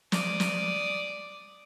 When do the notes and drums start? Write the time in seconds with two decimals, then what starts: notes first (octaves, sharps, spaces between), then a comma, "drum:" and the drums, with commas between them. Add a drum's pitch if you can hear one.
0.12 D5 D#6, drum: snare
0.40 drum: snare